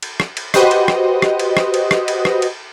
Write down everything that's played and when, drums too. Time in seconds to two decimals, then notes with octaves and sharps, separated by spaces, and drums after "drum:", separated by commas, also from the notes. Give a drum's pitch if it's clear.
0.03 drum: cymbal
0.20 drum: rim click
0.37 drum: cymbal
0.54 F#4 G4 B4 C5 D#5, drum: rim click
0.71 drum: cymbal
0.88 drum: rim click
1.22 drum: rim click
1.39 drum: cymbal
1.57 drum: rim click
1.74 drum: cymbal
1.91 drum: rim click
2.08 drum: cymbal
2.25 drum: rim click
2.42 drum: cymbal